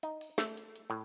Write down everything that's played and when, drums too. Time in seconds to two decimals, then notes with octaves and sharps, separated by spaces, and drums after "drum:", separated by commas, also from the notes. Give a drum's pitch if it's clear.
0.03 D#4, drum: hi-hat
0.21 drum: open hi-hat
0.38 A3, drum: snare
0.58 drum: hi-hat
0.76 drum: hi-hat
0.90 A2